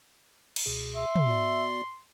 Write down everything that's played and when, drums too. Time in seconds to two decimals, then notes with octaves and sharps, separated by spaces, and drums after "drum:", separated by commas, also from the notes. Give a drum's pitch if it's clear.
0.56 drum: cymbal
0.66 C#2 B2 G#4
0.96 E5 C6
1.16 drum: tom
1.26 B3 F#4 D5